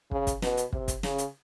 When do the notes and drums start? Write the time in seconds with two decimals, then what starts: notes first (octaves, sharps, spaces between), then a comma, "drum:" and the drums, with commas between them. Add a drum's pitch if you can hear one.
0.11 C#3, drum: kick
0.27 drum: kick, hi-hat
0.42 B2, drum: snare
0.57 drum: hi-hat
0.73 C3, drum: kick
0.88 drum: kick, hi-hat
1.03 C#3, drum: snare
1.18 drum: hi-hat